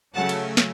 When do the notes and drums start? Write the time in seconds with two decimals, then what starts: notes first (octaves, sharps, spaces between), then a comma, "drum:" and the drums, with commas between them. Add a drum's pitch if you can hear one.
0.15 C#3 F#3 A3 C#4 F#5 A5
0.29 drum: cymbal
0.57 drum: snare